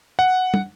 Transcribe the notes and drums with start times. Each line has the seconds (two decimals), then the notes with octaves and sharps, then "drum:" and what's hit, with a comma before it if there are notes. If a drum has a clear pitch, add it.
0.19 F#5
0.54 drum: tom